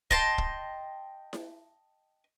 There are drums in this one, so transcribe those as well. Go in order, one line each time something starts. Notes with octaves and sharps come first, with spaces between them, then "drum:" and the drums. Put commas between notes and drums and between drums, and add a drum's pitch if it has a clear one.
D#5 G5 A5 C6, drum: kick
drum: kick
drum: snare E4